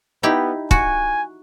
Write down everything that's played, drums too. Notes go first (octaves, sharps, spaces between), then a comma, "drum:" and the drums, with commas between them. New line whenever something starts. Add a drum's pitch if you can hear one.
B3 D#4 E4 G4
F#4 G#5, drum: kick